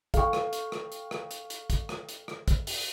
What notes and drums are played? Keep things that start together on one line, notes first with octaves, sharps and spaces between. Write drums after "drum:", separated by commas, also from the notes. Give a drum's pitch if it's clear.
A4 F5 G5 C#6, drum: kick, hi-hat
drum: rim click
drum: hi-hat
drum: rim click
drum: hi-hat
drum: rim click
drum: hi-hat
drum: hi-hat
drum: kick, hi-hat
drum: rim click
drum: hi-hat
drum: rim click
drum: kick, hi-hat
drum: open hi-hat